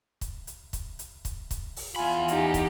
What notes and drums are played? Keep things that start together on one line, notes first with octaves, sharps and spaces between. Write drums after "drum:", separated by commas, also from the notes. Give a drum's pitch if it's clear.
drum: kick, hi-hat
drum: hi-hat
drum: kick, hi-hat
drum: hi-hat
drum: kick, hi-hat
drum: kick, hi-hat
drum: open hi-hat
E2 F4 G#5 B5
D#4 G4, drum: hi-hat
drum: kick, hi-hat